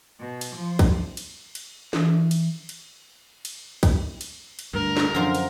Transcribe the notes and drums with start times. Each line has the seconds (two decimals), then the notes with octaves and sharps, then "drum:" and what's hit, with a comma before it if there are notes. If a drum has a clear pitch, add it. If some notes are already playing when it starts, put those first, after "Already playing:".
0.20 B2
0.41 drum: cymbal
0.55 F3
0.79 drum: kick, cymbal
1.17 drum: cymbal
1.55 drum: cymbal
1.93 E3, drum: snare
2.31 drum: cymbal
2.69 drum: cymbal
3.45 drum: cymbal
3.83 drum: kick, cymbal
4.21 drum: cymbal
4.59 drum: cymbal
4.74 D2 G2 D3 A#4
4.97 drum: snare
5.15 F#2 D3 F3 C5
5.35 drum: cymbal